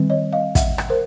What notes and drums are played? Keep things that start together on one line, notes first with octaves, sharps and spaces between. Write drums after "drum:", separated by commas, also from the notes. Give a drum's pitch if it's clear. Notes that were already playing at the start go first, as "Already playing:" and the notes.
Already playing: D#3 G3 C4
C#5 D#5
D#5 F5
E5 F#5, drum: kick, hi-hat
drum: rim click
A#4 C5